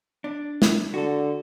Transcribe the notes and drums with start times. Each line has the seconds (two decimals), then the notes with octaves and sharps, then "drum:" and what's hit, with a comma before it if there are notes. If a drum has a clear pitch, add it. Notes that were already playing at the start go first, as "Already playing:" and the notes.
0.24 D4
0.62 drum: snare
0.94 D3 F#4 A4